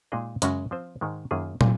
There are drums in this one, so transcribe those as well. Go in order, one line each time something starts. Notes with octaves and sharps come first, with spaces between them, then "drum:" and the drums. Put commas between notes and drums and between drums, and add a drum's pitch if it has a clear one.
A#2 G#3 D#4 G#4 D#5
F#2 C#3 G#3 C#4 F#4, drum: hi-hat
F3 C4 F4 C5
G#2 D#3 G#3
F#2 D#3 A#3 F4 G#4
A#2, drum: tom